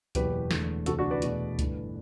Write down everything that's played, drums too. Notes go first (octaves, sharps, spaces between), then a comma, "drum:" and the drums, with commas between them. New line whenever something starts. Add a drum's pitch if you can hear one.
F#1 E2 B2 G4 B4, drum: kick C#2, hi-hat
E1 E2 D3 A3, drum: snare
D2 C3 E3 A3 F#4 A4, drum: hi-hat
D4 F#4
B4 D5
E2 B2 A3, drum: hi-hat
G1 G2 E3 A3, drum: kick C#2, hi-hat